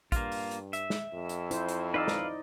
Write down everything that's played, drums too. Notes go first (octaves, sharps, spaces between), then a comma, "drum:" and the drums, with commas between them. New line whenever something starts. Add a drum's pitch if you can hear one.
G2 A#3 F4, drum: kick, hi-hat
drum: open hi-hat
drum: hi-hat
E5, drum: hi-hat
drum: snare
F2
drum: hi-hat
E4 C5, drum: hi-hat
drum: hi-hat
D#4 B4 D5 D#5 F5 E6
drum: snare